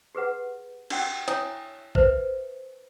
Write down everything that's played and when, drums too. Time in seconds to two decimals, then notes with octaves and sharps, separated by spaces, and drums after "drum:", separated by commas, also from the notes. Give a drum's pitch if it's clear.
0.15 G4 G#4 B4 F#5
0.90 D4 F#4 F#5 G5, drum: cymbal
1.28 E4 C#5 E5 G5 G#5 D#6, drum: hi-hat
1.95 B4 C5 E5, drum: kick A1